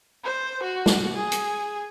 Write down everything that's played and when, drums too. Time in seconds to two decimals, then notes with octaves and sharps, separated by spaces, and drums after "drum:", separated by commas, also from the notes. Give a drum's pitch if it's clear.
0.24 C5
0.63 F#4
0.86 drum: snare
1.16 G#4
1.32 drum: hi-hat